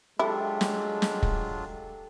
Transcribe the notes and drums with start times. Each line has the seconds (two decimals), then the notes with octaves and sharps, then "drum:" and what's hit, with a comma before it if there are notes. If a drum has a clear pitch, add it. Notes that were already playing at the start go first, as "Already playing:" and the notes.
0.19 F#3 G#3 D4 E4 F4 G4 A4
0.61 drum: snare
1.02 drum: snare
1.23 drum: kick